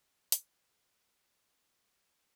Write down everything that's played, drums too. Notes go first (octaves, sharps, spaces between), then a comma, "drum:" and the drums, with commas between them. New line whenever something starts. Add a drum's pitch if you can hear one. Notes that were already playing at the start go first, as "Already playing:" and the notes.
D#3
E4, drum: hi-hat
B2
A#3
A5
C5
G#4
F#5